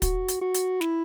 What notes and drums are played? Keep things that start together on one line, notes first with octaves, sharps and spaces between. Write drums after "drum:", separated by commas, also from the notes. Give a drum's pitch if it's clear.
F#4, drum: kick, hi-hat
drum: hi-hat
F#4
drum: hi-hat
E4, drum: snare